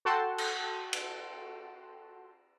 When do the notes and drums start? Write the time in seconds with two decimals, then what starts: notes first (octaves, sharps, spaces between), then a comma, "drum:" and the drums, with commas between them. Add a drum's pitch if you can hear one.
0.05 F#4 A4 F#5 G5 A5 C6
0.38 drum: cymbal
0.93 drum: cymbal